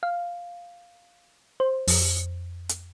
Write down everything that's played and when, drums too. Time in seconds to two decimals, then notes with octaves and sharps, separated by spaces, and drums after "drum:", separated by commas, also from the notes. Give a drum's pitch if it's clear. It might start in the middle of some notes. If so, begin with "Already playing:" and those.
0.03 F5
1.60 C5
1.88 F2, drum: open hi-hat
2.69 drum: hi-hat